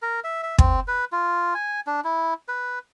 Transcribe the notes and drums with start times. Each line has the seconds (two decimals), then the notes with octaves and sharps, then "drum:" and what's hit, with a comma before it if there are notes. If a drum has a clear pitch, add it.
0.02 A#4
0.24 E5
0.43 E5
0.58 C4, drum: kick
0.88 B4
1.12 F4
1.55 G#5
1.87 D4
2.04 E4
2.48 B4